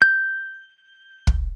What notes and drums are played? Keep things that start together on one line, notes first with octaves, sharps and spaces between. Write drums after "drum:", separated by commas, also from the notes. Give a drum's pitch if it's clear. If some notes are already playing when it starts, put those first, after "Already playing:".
G6
drum: kick